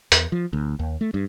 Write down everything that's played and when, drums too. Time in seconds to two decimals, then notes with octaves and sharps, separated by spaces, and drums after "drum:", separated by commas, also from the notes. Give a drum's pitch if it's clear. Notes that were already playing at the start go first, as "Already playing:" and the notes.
0.12 E2, drum: hi-hat
0.32 F3
0.53 D2
0.79 D#2
1.01 A3
1.14 G2